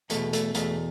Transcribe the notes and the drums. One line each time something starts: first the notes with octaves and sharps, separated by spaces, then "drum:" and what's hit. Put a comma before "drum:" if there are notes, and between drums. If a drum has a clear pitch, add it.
E2 B2 A3, drum: hi-hat
A3, drum: hi-hat
E2 B2 A3, drum: hi-hat